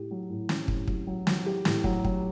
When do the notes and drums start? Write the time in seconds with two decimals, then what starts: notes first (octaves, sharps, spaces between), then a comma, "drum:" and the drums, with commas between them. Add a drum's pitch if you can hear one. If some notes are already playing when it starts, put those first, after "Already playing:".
Already playing: A2 G4
0.11 F#3
0.30 A2
0.49 C#4, drum: snare
0.68 A2, drum: kick
0.88 F#3, drum: kick
1.07 F#3
1.27 F#3, drum: snare
1.46 G4
1.65 A2, drum: snare
1.84 F#3, drum: kick
2.05 F#3, drum: kick